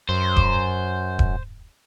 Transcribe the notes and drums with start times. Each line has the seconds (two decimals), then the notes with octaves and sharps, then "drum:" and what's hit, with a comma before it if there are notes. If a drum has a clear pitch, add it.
0.09 F#2 C5
0.36 drum: kick D#1
1.19 drum: kick D#1